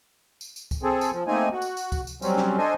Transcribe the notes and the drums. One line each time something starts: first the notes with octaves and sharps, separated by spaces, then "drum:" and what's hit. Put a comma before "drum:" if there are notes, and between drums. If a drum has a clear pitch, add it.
drum: tambourine
drum: tambourine
drum: kick C#2, tambourine
C4 G#4 A4
drum: tambourine
F3
A3 A#3 C4 D#4 G#5
F#4
drum: tambourine
drum: tambourine
drum: kick C#2, tambourine
drum: tambourine
F#3 G3 C4 C#4, drum: tambourine
drum: snare
D4 A4 C5 D#5 G#5